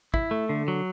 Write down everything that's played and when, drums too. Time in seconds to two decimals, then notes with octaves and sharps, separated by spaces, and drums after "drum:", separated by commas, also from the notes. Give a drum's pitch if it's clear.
0.14 E4, drum: kick
0.31 A3
0.49 D3
0.68 F#3